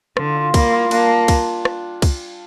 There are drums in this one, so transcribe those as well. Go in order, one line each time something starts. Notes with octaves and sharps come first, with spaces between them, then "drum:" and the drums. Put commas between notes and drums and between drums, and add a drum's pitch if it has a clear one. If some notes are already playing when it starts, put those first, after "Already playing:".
D3 F4, drum: rim click
F4
G3 A#3, drum: kick, cymbal
F4
A#3 D4, drum: cymbal
drum: kick, cymbal
drum: rim click
drum: kick, cymbal